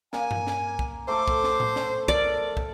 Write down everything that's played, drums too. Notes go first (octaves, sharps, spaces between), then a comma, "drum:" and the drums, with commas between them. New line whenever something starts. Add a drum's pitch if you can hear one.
A#3 G#5, drum: snare
drum: tom G2
drum: snare
drum: kick
A3 A4 C5 D6
drum: kick
drum: snare
drum: tom A2
drum: snare
A4 A#4 D5, drum: kick
drum: kick